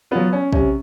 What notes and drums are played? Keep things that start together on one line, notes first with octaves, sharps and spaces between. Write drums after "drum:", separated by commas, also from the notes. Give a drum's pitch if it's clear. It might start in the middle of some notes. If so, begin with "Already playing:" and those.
F#3 B3 F4
C#4
C3 C#4, drum: kick